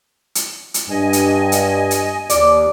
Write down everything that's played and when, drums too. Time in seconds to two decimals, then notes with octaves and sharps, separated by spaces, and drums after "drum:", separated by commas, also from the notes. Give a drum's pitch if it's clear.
0.35 drum: hi-hat
0.74 drum: hi-hat
0.89 G2 D#5 G#5
1.13 drum: hi-hat
1.52 drum: hi-hat
1.91 drum: hi-hat
2.30 D#2 D5, drum: hi-hat